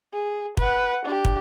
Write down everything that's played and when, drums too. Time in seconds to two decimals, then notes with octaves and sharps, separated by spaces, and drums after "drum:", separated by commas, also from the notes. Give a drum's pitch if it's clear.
0.14 G#4
0.57 B4 F#5, drum: kick
1.05 D4 G4
1.25 drum: kick